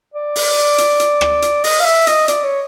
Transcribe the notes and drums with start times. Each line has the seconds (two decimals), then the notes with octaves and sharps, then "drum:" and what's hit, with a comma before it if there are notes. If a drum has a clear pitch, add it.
0.14 D5
0.36 drum: open hi-hat
0.78 drum: hi-hat
1.00 drum: hi-hat
1.21 drum: rim click
1.42 drum: hi-hat
1.64 D#5, drum: open hi-hat
1.80 F5
1.85 E5
2.07 D#5, drum: hi-hat
2.28 D5, drum: hi-hat
2.44 C#5